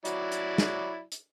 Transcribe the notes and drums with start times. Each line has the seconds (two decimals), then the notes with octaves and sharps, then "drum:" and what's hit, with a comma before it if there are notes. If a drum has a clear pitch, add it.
0.05 F#3 E4 D5, drum: hi-hat
0.32 drum: hi-hat
0.58 drum: snare
1.12 drum: hi-hat